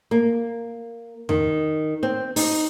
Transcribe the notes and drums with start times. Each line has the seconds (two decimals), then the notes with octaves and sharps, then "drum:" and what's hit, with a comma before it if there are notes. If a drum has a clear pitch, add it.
0.11 A#3
1.29 D#3, drum: tom E2
2.03 C4
2.36 D#4, drum: open hi-hat